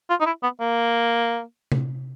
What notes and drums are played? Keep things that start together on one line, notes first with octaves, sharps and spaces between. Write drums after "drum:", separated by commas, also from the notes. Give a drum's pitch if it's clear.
F4
D#4
E4
B3
A#3
drum: tom C3